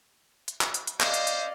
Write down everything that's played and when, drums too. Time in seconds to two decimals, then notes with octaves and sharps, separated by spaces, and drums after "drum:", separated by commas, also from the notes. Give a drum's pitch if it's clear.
0.48 drum: hi-hat
0.61 drum: clap
0.74 drum: hi-hat
0.87 drum: hi-hat
1.01 C#4 C5 D5 D#5 F5, drum: clap
1.14 drum: hi-hat
1.27 drum: hi-hat